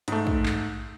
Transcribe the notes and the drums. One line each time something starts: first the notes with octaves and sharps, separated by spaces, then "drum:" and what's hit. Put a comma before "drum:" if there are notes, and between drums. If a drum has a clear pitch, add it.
G#2 A3, drum: hi-hat
drum: kick
drum: clap